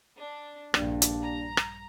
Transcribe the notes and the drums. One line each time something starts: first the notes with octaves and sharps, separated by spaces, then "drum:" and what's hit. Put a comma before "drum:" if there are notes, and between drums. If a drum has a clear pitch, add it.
D4
A#1 G2 G3 A#3 D4, drum: rim click
drum: hi-hat
A#5
drum: rim click